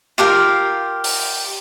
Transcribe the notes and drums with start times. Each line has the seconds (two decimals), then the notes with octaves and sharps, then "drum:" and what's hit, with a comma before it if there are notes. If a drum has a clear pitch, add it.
0.18 F4 G4 A#4 F5
1.04 drum: open hi-hat